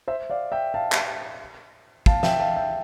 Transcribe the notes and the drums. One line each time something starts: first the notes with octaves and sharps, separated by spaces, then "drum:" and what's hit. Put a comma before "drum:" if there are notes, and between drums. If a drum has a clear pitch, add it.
C5 E5
D5 F5
E5 G5
F5 A5
drum: clap
F5 A5, drum: kick
E5 G5, drum: snare
F5 A5
E5 G5